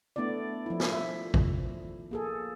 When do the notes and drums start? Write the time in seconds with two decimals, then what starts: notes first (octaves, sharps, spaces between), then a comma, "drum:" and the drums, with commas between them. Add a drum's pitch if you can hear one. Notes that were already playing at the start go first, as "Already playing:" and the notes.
0.16 A3 B3 D4 E4 D5
0.66 F3 E4
0.80 drum: snare
0.93 E5
1.34 drum: kick
2.11 A#3 G#4 A4